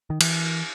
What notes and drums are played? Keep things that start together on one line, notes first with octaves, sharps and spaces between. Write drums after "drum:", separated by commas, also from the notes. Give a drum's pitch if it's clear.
D#3
E3, drum: cymbal